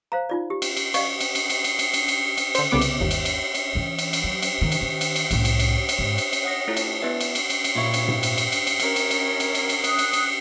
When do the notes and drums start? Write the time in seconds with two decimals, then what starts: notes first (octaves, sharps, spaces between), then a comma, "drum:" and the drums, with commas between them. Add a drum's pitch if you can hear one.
0.12 C5 F5 A#5
0.29 D#4 F4 D5
0.50 G4
0.62 drum: cymbal
0.77 drum: cymbal
0.94 D5 D#5 F5 C#6, drum: cymbal
1.20 drum: cymbal
1.35 drum: cymbal
1.50 drum: cymbal
1.64 drum: cymbal
1.79 drum: cymbal
1.94 drum: cymbal
2.08 drum: cymbal
2.38 drum: cymbal
2.55 D3 C5, drum: cymbal
2.71 C2 C#3 B3 D6
2.81 drum: cymbal
3.00 G1 D#2
3.11 drum: cymbal
3.25 drum: cymbal
3.55 drum: cymbal
3.75 E3 C#4
3.99 drum: cymbal
4.13 drum: cymbal
4.24 F#3
4.42 drum: cymbal
4.62 D#3
4.72 drum: cymbal
4.81 D#3
5.01 drum: cymbal
5.16 drum: cymbal
5.31 C2 A2, drum: cymbal
5.45 drum: cymbal
5.60 drum: cymbal
5.89 drum: cymbal
5.99 G#2
6.18 drum: cymbal
6.33 drum: cymbal
6.43 C#5 F#5 D#6 A#6
6.68 A3 E4 F4 A4 C#5
6.77 drum: cymbal
7.02 B3 E4 B4 D5 E5
7.21 drum: cymbal
7.35 drum: cymbal
7.50 drum: cymbal
7.64 drum: cymbal
7.75 A#2 E4 C#5
7.94 drum: cymbal
8.08 drum: tom G#2
8.23 drum: cymbal
8.38 drum: cymbal
8.52 drum: cymbal
8.67 drum: cymbal
8.80 C#4 A#4, drum: cymbal
8.96 drum: cymbal
9.11 drum: cymbal
9.40 drum: cymbal
9.55 drum: cymbal
9.69 drum: cymbal
9.84 D#6 F#6, drum: cymbal
9.99 drum: cymbal
10.13 drum: cymbal